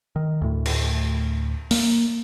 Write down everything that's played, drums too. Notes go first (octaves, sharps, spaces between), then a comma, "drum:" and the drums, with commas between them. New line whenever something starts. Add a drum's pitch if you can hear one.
D#3
D2 A2
drum: cymbal
A#3, drum: open hi-hat